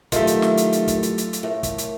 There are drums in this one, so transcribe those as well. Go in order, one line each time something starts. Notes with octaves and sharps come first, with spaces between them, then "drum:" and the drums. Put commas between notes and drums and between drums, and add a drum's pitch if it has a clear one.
D#3 F#3 A3 E4 F4 G4 A4, drum: kick, hi-hat
drum: hi-hat
drum: snare
drum: hi-hat
drum: hi-hat
drum: kick, hi-hat
drum: hi-hat
drum: hi-hat
drum: hi-hat
A2 A#4
drum: kick, hi-hat
drum: hi-hat